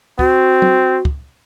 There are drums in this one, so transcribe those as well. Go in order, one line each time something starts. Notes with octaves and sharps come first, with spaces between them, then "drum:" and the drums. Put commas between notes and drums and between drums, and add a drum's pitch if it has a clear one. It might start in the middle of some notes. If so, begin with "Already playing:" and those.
C4 F#4, drum: kick
drum: tom
drum: kick